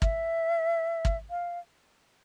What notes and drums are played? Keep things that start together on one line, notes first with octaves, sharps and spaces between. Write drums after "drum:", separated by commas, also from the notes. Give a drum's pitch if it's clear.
E5, drum: kick
drum: kick
F5